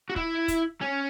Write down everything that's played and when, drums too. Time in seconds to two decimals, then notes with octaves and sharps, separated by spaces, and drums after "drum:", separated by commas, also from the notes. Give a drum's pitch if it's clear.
0.10 F#4
0.16 E4, drum: kick
0.48 drum: kick, hi-hat
0.81 C#4